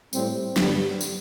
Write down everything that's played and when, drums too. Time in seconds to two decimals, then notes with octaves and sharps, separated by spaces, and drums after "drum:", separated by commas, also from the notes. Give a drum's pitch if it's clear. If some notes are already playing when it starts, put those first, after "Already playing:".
0.13 A2 G3 C4, drum: tambourine
0.56 G2 D3 G3 B3, drum: snare
1.01 drum: tambourine